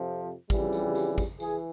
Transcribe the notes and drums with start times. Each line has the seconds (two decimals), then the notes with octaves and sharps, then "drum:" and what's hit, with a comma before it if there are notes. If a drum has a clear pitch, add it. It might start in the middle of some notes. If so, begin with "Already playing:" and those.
Already playing: F2 C3 F3
0.50 F2 C#3 E3 G3, drum: kick, tambourine
0.73 drum: tambourine
0.95 drum: tambourine
1.18 drum: kick, tambourine
1.40 E3 G#4, drum: tambourine